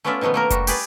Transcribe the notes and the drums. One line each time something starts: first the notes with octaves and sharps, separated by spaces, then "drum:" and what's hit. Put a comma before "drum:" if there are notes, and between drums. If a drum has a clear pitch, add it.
A3 B3 C#4 F4 D5 E5
B2 D#3 F3 A3 B3
A3 A#3 A#4
G3 F#4, drum: kick F1, hi-hat
G4 G#4 B4 D5, drum: open hi-hat